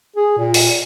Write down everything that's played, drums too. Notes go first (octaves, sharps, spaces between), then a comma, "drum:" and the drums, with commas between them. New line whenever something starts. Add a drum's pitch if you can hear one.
G#4
A#2
drum: open hi-hat